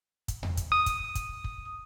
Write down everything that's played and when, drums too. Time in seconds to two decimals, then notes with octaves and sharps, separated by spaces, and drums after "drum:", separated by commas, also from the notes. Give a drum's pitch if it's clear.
0.28 drum: kick, hi-hat
0.43 drum: tom E2
0.57 drum: kick, hi-hat
0.72 D#6
0.86 drum: kick, hi-hat
1.15 drum: kick, hi-hat
1.44 drum: kick